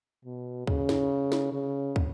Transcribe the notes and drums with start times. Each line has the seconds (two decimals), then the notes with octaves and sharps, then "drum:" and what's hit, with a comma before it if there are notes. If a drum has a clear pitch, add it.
0.25 B2
0.67 C#3, drum: kick
0.89 drum: snare
1.32 drum: snare
1.53 C#3
1.96 drum: kick